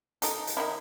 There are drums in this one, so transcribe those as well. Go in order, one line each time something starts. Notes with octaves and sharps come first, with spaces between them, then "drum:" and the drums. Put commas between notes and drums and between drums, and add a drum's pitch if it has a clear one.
D#4 A4, drum: hi-hat
drum: hi-hat
D#3 D#4 E4